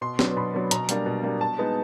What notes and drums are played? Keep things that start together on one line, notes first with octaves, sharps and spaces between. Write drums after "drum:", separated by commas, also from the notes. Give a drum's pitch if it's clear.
B2 C6
F#3 B3 D4, drum: snare
B2 B5
F#3 B3 D4
B2 A#5, drum: hi-hat
G3 A#3 D4, drum: hi-hat
B2
G3 A#3 D4
B2 A5
G#3 B3 D#4